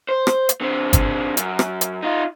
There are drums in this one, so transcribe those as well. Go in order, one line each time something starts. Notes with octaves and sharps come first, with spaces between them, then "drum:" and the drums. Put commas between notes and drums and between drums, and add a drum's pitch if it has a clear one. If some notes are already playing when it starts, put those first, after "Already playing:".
C5
drum: rim click
drum: hi-hat
D3 C4
drum: kick G1, hi-hat
F#2, drum: hi-hat
drum: rim click
drum: hi-hat
D#4 F4